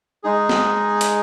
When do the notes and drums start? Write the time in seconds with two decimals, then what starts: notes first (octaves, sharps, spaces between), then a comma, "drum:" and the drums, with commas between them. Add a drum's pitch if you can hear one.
0.24 G#3 D#4 G#4
0.49 drum: snare
1.01 drum: hi-hat